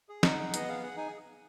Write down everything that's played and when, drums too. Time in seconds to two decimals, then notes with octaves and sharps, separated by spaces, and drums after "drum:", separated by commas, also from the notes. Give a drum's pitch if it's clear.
0.09 G#4
0.23 D#4 F#5, drum: snare
0.38 G#4
0.54 B3 D#5, drum: hi-hat
0.69 G#4 F5
0.83 G#4 F#5
0.97 D#4 G#5